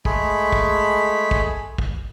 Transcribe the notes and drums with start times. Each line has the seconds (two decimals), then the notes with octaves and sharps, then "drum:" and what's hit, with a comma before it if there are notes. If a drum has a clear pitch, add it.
0.05 G#3 A3 G#4 B5, drum: kick
0.52 drum: kick
1.31 drum: kick
1.78 drum: kick